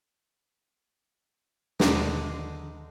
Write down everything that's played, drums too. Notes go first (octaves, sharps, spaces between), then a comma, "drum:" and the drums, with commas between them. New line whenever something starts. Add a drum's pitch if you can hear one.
D#2 B2 D3 D#3 G#3 D#4 D5, drum: snare